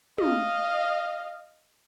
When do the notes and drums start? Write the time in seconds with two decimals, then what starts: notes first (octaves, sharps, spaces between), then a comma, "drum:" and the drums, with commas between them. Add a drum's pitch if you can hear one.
0.18 D#5 F5, drum: tom